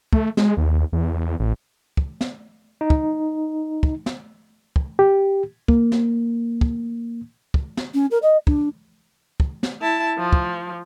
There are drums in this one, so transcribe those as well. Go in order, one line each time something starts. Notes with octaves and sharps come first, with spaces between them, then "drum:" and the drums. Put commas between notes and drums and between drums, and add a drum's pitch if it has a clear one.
A3, drum: kick
G#3, drum: snare
D#2
E2
E2
A1
drum: kick
drum: snare
D#4
drum: kick
drum: kick
drum: snare
drum: kick
G4
A#3, drum: kick
drum: snare
drum: kick
drum: kick
drum: snare
C#4
A#4
D#5
D4, drum: kick
drum: kick
drum: snare
E4 A5
F3
drum: kick